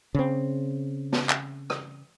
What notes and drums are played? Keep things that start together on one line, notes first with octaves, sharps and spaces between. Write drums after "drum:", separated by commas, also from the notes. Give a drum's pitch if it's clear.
C#3 C4
drum: snare
drum: clap
drum: rim click